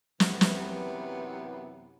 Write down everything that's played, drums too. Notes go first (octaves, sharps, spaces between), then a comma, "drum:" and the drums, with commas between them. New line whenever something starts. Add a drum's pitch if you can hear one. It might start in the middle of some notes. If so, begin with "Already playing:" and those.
F#2 C3 E3 B3, drum: snare
drum: snare